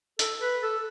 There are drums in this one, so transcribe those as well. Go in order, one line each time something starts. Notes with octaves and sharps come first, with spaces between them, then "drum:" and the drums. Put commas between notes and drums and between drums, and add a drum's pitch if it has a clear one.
A4, drum: hi-hat
B4
A4